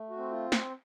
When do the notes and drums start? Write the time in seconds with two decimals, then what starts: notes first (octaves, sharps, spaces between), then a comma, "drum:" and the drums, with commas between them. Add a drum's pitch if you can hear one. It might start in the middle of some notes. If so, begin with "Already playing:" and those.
Already playing: A3
0.10 F#4
0.17 C4
0.31 F4
0.52 drum: snare